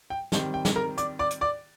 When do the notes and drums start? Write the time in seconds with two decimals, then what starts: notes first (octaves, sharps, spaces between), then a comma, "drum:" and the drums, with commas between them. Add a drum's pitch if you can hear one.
0.10 G5
0.32 D#3 G3 C4, drum: snare
0.54 G5
0.65 drum: snare
0.76 A#4 A#5
0.98 D5 D6, drum: hi-hat
1.19 D5 D6
1.30 drum: hi-hat
1.41 D5 D6